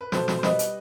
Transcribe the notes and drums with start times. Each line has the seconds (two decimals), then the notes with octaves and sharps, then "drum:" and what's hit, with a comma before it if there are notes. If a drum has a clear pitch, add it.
0.01 B4
0.12 B2 A4 C5, drum: snare
0.28 drum: snare
0.39 C5
0.43 G3 B4 D#5, drum: snare
0.59 drum: hi-hat